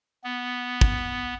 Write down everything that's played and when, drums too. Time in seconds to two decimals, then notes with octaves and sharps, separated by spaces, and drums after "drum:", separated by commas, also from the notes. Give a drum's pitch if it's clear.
0.24 B3
0.81 drum: kick